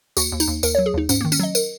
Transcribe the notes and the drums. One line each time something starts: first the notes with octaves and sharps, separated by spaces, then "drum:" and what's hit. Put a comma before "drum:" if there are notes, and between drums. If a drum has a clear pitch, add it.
D#2 F#4, drum: tambourine
D#2
D#4, drum: tambourine
D#2
D#2 A#4, drum: tambourine
C#5
F#3
G#4
D#2 D#4
G#2 C#4, drum: tambourine
A#3
D#3
C#4, drum: tambourine
F#3 D#5
A#4, drum: tambourine